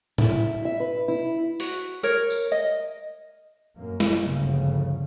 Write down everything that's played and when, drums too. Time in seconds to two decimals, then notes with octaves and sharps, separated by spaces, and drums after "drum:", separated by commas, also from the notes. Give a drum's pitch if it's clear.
0.18 E4, drum: tom A2
0.65 E5
0.80 B4
1.08 E4
1.60 F#4, drum: open hi-hat
2.03 A#4 C#5
2.30 drum: tambourine
2.52 D#5
3.76 F#2 A#3
4.00 drum: snare
4.24 G1 D2 C#3 F3 G3